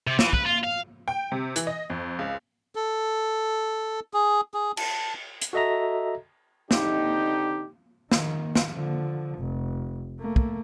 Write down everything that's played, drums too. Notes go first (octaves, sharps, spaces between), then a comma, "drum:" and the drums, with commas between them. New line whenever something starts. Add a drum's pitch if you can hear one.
C3
E3, drum: snare
B4, drum: kick
F4
F5
G5
C3
E3, drum: hi-hat
D#5
F2
C#2
A4
G#4
G#4
A5, drum: cymbal
drum: hi-hat
F#4 A4 D#5 E5 A#5
D3 C4 D#4 G4, drum: snare
D#3, drum: snare
drum: snare
D3 F3
F1
A3 A#3
drum: kick